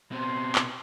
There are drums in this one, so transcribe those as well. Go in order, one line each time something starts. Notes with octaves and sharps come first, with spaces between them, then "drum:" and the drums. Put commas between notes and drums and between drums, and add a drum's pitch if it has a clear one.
B2 C4 C6
drum: clap